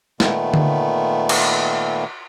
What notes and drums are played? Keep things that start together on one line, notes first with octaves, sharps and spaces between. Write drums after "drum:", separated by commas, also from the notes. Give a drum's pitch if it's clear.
A#2 D#3 A3 B3, drum: snare
drum: tom D3
drum: cymbal